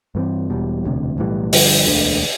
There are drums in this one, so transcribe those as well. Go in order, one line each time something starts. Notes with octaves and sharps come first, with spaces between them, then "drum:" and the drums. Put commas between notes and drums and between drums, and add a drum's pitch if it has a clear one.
G2 E3 A3 C4
E1 E2 B2 G3
E1 D2 C3
B1 A2 E3 G3
G1 G2 D3 F3, drum: open hi-hat
E1 D2 D3